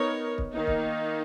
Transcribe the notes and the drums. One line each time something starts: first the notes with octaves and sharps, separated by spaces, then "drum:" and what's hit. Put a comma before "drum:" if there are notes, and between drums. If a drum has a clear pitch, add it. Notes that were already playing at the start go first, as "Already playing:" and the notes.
Already playing: B3 D#4 A#4 C#5
drum: kick
D#3 A#3 D#4
drum: kick